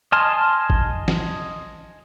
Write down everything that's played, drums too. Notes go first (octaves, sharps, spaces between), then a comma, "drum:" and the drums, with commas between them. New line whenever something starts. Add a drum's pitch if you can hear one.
D#5 G#5 A5 C6 F6
drum: kick
drum: snare